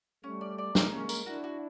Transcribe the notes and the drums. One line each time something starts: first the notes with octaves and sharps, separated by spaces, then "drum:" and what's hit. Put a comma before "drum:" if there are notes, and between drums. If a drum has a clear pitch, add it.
G3 A3 C#4
D5
D5
G#3 A#3 A#4, drum: snare
C#4
A#4, drum: tambourine
D4 E4 F#4
F#4